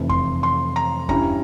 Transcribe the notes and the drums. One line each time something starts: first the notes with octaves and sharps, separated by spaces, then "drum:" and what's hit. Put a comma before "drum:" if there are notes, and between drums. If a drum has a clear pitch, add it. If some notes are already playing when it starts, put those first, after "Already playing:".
Already playing: F1 F2 C3 E3
C6, drum: kick E2
C6
A#5
G2 G3 C#4 E4 A#5, drum: kick E2